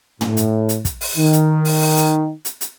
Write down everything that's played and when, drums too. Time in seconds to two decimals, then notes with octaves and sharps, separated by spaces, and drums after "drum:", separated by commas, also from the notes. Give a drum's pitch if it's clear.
0.21 A2, drum: tom
0.37 drum: hi-hat
0.69 drum: hi-hat
0.85 drum: kick, hi-hat
1.01 drum: open hi-hat
1.17 D#3
1.33 drum: hi-hat
1.65 drum: open hi-hat
1.81 drum: open hi-hat
1.97 drum: hi-hat
2.45 drum: hi-hat
2.61 drum: hi-hat